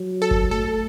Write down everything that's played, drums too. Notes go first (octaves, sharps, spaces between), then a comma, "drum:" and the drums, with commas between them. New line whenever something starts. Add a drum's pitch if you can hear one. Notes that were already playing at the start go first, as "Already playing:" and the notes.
Already playing: F#3
A4
drum: kick G1
A3 A4